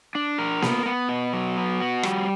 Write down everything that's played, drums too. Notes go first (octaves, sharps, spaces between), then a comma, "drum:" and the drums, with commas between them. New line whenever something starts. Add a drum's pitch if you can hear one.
D4
A#4
B3, drum: snare A#3
B3
B2
F#3
B3
F#4
G3, drum: rim click